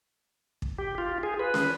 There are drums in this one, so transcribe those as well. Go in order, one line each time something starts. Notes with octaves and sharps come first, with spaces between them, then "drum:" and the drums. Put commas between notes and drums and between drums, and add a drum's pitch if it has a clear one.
drum: kick
G4
F4
G#4
B4
drum: snare C#4